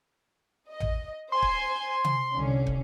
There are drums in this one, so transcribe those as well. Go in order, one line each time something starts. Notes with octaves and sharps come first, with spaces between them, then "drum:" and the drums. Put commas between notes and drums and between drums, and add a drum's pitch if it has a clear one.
D#5
drum: tom A1
C5 G#5 C6
drum: kick
drum: tom C3
C2 D3 C#4
drum: kick